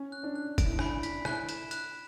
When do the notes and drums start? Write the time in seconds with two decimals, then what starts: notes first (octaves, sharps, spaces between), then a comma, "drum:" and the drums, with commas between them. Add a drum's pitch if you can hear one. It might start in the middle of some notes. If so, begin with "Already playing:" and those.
Already playing: C#4
0.12 F#6
0.23 D4
0.35 F#6
0.58 D7, drum: kick, hi-hat
0.65 E4
0.72 D4
0.79 E4 B5, drum: rim click
0.92 D4
1.03 B6, drum: hi-hat
1.25 E4 F#6, drum: rim click
1.49 E7, drum: hi-hat
1.71 F#6, drum: hi-hat